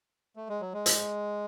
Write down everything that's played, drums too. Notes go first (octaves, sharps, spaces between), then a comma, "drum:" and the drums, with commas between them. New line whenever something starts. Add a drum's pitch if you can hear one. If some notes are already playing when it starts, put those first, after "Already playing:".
A3
G#3
F#3
G#3
drum: hi-hat